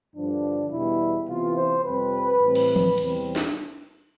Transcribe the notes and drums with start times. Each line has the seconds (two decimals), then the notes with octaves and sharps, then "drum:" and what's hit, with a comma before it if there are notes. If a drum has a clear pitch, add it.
0.15 G2 D3 F3 D4
0.71 E2 B2 G3 B3 E4
1.28 C3 E3 B3 F4
1.56 C5
1.84 F2 C3 G3 C4 B4
2.40 A2 E3 G3 C4
2.55 drum: cymbal
2.76 drum: tom E3
2.98 E2 C3 G3 C4, drum: cymbal
3.36 drum: snare